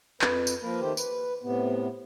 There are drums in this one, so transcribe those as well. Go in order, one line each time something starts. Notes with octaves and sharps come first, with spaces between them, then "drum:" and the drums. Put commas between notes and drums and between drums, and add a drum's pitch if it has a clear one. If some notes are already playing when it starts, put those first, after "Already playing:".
F2 B4, drum: clap
drum: tambourine
F3 A#3 A#4 B4
D#3 A3 G4 C5
B4, drum: tambourine
A2 C3 B3